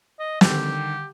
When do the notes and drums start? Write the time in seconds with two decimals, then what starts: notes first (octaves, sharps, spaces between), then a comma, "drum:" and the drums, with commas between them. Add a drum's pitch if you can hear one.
0.19 D#5
0.41 D3 D#3 G3 G4, drum: snare